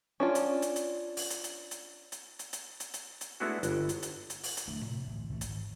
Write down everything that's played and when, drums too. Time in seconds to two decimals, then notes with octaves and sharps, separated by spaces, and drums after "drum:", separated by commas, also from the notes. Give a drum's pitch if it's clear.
0.20 C#4 D4 F4
0.35 drum: hi-hat
0.62 drum: hi-hat
0.76 drum: hi-hat
1.17 drum: open hi-hat
1.30 drum: hi-hat
1.44 drum: hi-hat
1.71 drum: hi-hat
2.12 drum: hi-hat
2.39 drum: hi-hat
2.53 drum: hi-hat
2.80 drum: hi-hat
2.94 drum: hi-hat
3.21 drum: hi-hat
3.40 G#3 A3 B3 D4 E4 F#4
3.63 G1, drum: hi-hat
3.89 drum: hi-hat
4.03 drum: hi-hat
4.30 drum: hi-hat
4.43 drum: open hi-hat
4.57 drum: hi-hat
4.68 D1 F3 A3 D4
4.84 A2 C3
5.07 A1 D2
5.30 C#2 E3 A3
5.41 G#1, drum: hi-hat